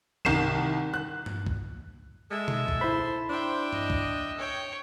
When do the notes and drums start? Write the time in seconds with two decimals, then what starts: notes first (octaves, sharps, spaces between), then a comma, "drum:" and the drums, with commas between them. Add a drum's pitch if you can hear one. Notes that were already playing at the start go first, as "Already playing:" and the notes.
0.25 C2 D#3 C7 E7, drum: kick C2
0.94 F#6
1.26 drum: tom G2
1.47 drum: kick C2
2.31 G#3 A4 E5
2.48 drum: tom B2
2.68 drum: kick C2
2.81 E4 C5 B5
3.30 D4 C5 E5 G5
3.73 D#5, drum: tom G2
3.90 drum: kick C2
4.38 C#5 G5